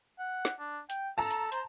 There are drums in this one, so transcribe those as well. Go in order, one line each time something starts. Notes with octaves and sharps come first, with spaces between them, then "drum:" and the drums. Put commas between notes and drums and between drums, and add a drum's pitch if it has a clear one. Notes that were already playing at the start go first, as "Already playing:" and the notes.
F#5
drum: snare
D4
G5, drum: hi-hat
A4 A5 A#5
drum: hi-hat
C5, drum: hi-hat